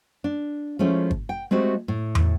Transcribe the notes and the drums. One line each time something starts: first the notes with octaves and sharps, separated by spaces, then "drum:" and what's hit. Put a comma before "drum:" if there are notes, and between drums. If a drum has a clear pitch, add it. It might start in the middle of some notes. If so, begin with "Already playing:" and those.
D4
F3 G#3 A3 C#4 E4
drum: kick
G5
G#3 A3 C4 F#4 G4
A2
drum: tom E2